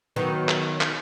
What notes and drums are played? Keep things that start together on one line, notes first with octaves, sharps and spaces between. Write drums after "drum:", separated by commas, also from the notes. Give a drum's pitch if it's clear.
D#3 F#3 B3
drum: clap
drum: clap